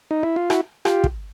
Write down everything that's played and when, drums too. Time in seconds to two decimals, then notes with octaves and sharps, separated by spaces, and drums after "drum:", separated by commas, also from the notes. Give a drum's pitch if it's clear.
0.11 D#4
0.23 E4
0.36 F4
0.50 E4 F#4, drum: rim click
0.85 F4 G4, drum: rim click
1.04 drum: kick